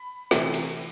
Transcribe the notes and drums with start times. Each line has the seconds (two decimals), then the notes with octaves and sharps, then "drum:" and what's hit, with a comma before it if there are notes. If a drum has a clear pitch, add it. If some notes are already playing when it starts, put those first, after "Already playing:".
Already playing: B5
0.31 C3 E3 A3, drum: snare
0.54 drum: cymbal